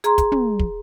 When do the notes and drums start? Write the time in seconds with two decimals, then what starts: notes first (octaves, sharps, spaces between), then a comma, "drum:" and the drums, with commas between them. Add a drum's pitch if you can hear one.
0.04 G#4 A#5 C6, drum: hi-hat
0.18 drum: kick, hi-hat
0.32 drum: tom
0.59 drum: kick